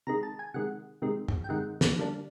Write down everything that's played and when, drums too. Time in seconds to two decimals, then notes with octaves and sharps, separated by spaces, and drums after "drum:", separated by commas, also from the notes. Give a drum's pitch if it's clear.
0.07 C3 D#3 G#3 A#5
0.23 A5
0.39 G#5
0.54 C3 D#3 G#3 F#5
1.02 C3 D#3 G#3
1.28 drum: tom G2
1.44 G5
1.49 C3 D#3 G#3 F#5
1.81 drum: snare
1.96 D3 G3 A#3 D4